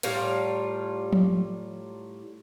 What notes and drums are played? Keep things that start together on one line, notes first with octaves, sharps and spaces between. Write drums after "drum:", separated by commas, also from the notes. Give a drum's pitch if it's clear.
A2 G3 F4 A#4, drum: hi-hat
drum: tom F3